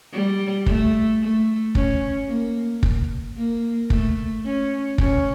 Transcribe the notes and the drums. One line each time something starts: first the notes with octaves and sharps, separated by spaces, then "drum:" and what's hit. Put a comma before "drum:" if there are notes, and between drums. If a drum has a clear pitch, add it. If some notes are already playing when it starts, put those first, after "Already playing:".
G3
A3, drum: kick
A3
C#4, drum: kick
A#3
drum: kick
A#3
A3, drum: kick
C#4
C#4, drum: kick